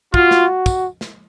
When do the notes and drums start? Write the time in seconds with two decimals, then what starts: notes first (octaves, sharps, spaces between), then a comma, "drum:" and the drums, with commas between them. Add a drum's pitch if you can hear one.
0.14 F4 F#4, drum: kick
0.31 drum: snare
0.66 drum: kick, tambourine
1.01 drum: snare